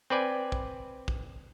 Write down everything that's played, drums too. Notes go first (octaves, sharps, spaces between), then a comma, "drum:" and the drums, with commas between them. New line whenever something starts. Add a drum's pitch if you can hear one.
C4 B4 D5 G#5
drum: kick A#1
drum: kick A#1